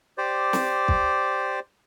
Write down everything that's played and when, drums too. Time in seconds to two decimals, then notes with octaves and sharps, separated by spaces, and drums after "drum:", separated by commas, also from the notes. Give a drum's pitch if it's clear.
0.18 G4 C5 D5
0.53 drum: snare
0.88 drum: kick